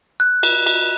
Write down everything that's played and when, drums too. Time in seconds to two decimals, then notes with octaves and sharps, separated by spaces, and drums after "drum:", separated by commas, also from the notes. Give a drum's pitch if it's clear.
0.20 F#6
0.43 drum: cymbal
0.66 drum: cymbal